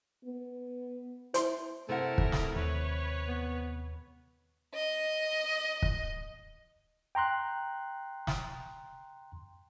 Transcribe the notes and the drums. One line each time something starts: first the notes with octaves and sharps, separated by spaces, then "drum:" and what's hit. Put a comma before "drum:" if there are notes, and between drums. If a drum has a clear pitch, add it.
B3
E4 C5 C6, drum: hi-hat
C3 A3 E4 A#4 F#5
drum: kick
drum: snare
D#2 B4 C#5
B3
D#5
drum: kick
G5 A#5 C6 F#6
drum: snare